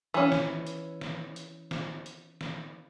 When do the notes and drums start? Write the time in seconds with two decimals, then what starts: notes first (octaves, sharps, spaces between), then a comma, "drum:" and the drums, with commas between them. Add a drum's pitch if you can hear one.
0.14 E3 C#4
0.32 drum: snare
0.67 drum: hi-hat
1.01 drum: snare
1.36 drum: hi-hat
1.71 drum: snare
2.06 drum: hi-hat
2.41 drum: snare